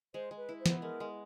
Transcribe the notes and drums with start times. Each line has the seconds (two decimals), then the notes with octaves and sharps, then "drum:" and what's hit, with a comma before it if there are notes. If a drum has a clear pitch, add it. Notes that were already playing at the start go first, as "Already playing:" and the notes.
0.14 G#3 C5
0.31 G#3
0.37 B4
0.49 E4
0.60 C5
0.66 B3, drum: snare
0.82 G#3 A#4
1.00 G#3